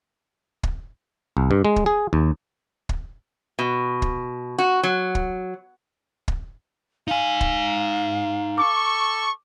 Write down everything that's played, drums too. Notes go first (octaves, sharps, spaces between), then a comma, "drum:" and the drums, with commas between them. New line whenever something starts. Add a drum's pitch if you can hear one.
drum: kick
C2
G2
G#3
drum: kick
G#4
D#2
drum: kick
B2
drum: kick
F#4
F#3
drum: kick
drum: kick
D#4 F5 G#5
drum: kick
A4 C#6 D6